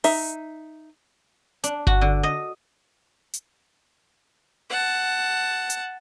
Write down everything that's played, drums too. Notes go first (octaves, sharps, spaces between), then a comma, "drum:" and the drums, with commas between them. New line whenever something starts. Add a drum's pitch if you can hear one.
D#4 E5, drum: open hi-hat
D4, drum: hi-hat
F#4, drum: kick G1
D3
D#5
drum: hi-hat
F#5 A5
drum: hi-hat